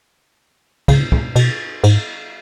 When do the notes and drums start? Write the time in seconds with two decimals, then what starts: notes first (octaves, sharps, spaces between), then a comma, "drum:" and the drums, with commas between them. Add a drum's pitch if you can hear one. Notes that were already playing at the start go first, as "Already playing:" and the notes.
0.88 C#3, drum: kick, cymbal
1.12 drum: kick
1.36 B2, drum: cymbal
1.84 G#2, drum: cymbal